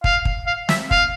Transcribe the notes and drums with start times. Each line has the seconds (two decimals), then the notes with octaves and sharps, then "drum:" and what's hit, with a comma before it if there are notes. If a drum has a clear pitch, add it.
0.04 F5, drum: kick
0.25 drum: kick
0.46 F5
0.69 E5, drum: snare
0.91 F5, drum: kick